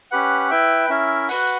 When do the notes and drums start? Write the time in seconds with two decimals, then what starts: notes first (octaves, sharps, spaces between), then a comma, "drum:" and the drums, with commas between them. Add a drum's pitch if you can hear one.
0.11 C#4 G4 B4 F#5
0.50 E4 B4 E5 G5
0.90 C#4 E4 A#4 E5
1.29 F#4 B4 F#5, drum: open hi-hat